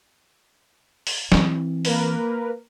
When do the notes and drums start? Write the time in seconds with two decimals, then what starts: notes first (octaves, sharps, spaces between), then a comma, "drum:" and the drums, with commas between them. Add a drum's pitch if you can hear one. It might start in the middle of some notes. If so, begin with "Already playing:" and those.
1.07 drum: open hi-hat
1.32 E3 C4, drum: snare
1.85 A#3 A#4 B4, drum: open hi-hat